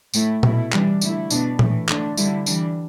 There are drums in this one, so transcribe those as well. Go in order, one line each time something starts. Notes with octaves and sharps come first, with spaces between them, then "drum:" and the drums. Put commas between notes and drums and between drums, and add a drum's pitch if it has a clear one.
A2 A3 E4, drum: tambourine
B2 A3 E4, drum: tom A#2
E3 G3 D4, drum: clap
D3 A3 E4, drum: tambourine
B2 B3 D4, drum: tambourine
A2 E3 A3, drum: tom A#2
D3 A3 D4, drum: clap
D3 G3 E4, drum: tambourine
E3 G3 D4, drum: tambourine